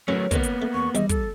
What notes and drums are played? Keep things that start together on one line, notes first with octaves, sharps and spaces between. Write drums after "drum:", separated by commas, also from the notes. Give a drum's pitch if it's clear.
F#3 A3 C#4 A#4 B4 C#5
G2 D3 D#3 A#3 B3, drum: kick, hi-hat
drum: hi-hat
A3
E2 C#6
E2 D#3 G3 D#5 E5, drum: hi-hat
A4, drum: kick, hi-hat